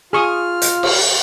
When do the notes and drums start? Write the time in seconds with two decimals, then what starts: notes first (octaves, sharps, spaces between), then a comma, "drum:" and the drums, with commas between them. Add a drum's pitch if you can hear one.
0.13 F4 G#4 C#6 D#6 F6
0.62 drum: hi-hat
0.83 drum: cymbal